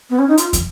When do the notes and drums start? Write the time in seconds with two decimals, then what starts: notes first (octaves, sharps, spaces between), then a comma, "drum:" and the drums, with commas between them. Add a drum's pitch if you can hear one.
0.10 B3
0.19 C#4
0.28 D#4
0.38 F4, drum: hi-hat
0.53 drum: kick, hi-hat